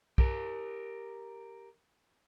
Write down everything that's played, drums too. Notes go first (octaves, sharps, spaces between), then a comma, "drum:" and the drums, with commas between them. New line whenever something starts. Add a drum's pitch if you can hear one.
G4 A#4, drum: kick